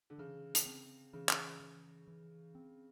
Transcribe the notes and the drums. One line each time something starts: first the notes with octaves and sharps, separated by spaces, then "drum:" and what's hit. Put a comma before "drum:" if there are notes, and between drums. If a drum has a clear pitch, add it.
D3
C#3 E3
drum: hi-hat
C4
C#3 E3
drum: clap
E3
E3
C4